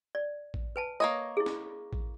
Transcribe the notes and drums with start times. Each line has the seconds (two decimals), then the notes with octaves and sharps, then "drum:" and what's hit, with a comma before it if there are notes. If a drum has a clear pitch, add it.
0.15 D5
0.54 drum: kick A1
0.76 B4 G#5 A5
1.00 A#3 C#5 D#5
1.37 E4 G#4
1.46 drum: snare
1.93 drum: kick A1